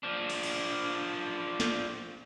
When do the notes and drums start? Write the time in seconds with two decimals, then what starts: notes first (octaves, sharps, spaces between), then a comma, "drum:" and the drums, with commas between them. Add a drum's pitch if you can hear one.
0.03 F3 D4
0.30 drum: open hi-hat
0.43 drum: cymbal
1.60 drum: snare